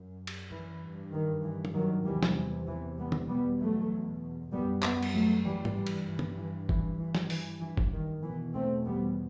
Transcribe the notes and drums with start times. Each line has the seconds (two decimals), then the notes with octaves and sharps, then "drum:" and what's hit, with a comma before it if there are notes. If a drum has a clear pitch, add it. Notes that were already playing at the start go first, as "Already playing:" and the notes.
Already playing: F#2
0.27 drum: cymbal
0.51 E3
0.81 G2
1.12 D#3
1.43 E3
1.65 drum: tom
1.74 D#3 F#3
2.05 E2 C3 E3 G3
2.23 drum: snare
2.36 E3
2.67 E3
2.98 G3 B3
3.12 drum: tom
3.28 E2 B2 G3 B3
3.59 F#3 A3
4.52 F#2 G3 B3
4.83 G3 B3, drum: clap
5.03 drum: cymbal
5.14 F#3 A3
5.44 E3 G3
5.65 drum: tom G#2
5.75 G2 E3 G3
5.87 drum: cymbal
6.07 E3
6.19 drum: tom
6.37 E3
6.69 E3, drum: kick F#1
6.99 G2 E3
7.15 drum: snare
7.30 E3, drum: open hi-hat
7.61 E3
7.77 drum: kick F#1
7.93 D#3
8.23 E2 B2 E3
8.54 A3 C4
8.85 G3 B3